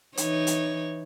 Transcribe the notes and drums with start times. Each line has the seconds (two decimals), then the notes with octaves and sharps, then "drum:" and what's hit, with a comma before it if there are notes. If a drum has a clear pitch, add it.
0.17 E3 D#4 C#5, drum: hi-hat
0.47 drum: hi-hat